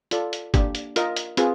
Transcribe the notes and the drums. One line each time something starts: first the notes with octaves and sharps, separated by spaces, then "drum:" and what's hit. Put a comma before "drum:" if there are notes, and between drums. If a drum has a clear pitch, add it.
F4 A4 D5, drum: hi-hat
drum: hi-hat
A#3 D4 G4, drum: kick, hi-hat
drum: hi-hat
F4 A#4 D#5, drum: hi-hat
drum: hi-hat
C4 F4 G#4 B4, drum: hi-hat